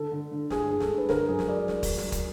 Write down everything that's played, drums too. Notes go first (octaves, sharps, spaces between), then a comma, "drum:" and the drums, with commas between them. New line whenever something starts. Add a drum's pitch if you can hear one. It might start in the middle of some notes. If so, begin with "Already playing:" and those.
Already playing: D3 A4
D3
D3
G2 G#4, drum: snare
G2 G#4
A4, drum: snare
G2
B4
D3 A#4, drum: snare
F#2 G#4
drum: snare
D5
drum: snare
drum: kick, open hi-hat
drum: snare
drum: kick, hi-hat